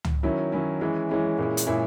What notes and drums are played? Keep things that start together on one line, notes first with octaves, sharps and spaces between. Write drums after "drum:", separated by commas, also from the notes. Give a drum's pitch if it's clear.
drum: tom C#2
D#3 F#3 C#4 E4
D#3 F#3 C#4 E4
E3 G#3 C#4 E4
E3 G#3 C#4 E4
A#2 G#3 C#4 E4
drum: hi-hat
A#2 G#3 C#4 E4